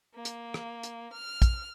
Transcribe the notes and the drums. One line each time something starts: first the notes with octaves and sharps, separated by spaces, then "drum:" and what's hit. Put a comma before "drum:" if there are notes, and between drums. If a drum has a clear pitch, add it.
A#3
drum: hi-hat
drum: rim click
drum: hi-hat
F6
drum: kick, hi-hat